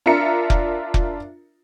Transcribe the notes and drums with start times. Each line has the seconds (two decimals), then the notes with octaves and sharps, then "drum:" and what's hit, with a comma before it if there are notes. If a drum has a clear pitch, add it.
0.06 D4 F4 A#4 E5 A#5 C#7
0.50 drum: kick F1
0.94 drum: kick F1